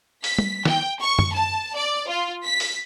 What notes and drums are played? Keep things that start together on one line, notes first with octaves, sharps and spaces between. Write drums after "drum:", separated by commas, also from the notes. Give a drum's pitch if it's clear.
B6, drum: open hi-hat
drum: tom G3
G5, drum: snare
C#6
drum: tom F#2
A5
D5
F4
B6
drum: open hi-hat